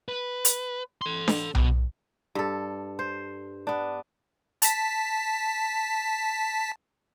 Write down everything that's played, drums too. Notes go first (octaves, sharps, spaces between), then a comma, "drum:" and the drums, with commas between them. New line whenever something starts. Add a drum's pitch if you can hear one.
B4
drum: hi-hat
A4 C6
drum: snare D4
B2, drum: tom B1
G2 A4
C5
B3 D4
A5 B6, drum: hi-hat